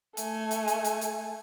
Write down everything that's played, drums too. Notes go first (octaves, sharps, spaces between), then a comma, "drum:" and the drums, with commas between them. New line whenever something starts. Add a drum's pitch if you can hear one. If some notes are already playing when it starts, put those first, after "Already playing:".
A3 G#5, drum: hi-hat
drum: hi-hat
drum: hi-hat
drum: hi-hat
drum: hi-hat